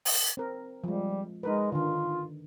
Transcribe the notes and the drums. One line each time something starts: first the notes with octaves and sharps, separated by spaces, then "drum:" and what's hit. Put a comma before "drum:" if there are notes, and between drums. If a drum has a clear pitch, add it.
drum: open hi-hat
C4 A#4
F3 G3 G#3
G#3 D#4 A#4 B4
D3 D#3 F4